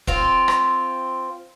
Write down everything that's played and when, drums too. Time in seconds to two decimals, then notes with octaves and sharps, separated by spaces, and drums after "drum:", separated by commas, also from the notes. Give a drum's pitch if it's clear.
0.07 C4 F4, drum: kick
0.48 drum: rim click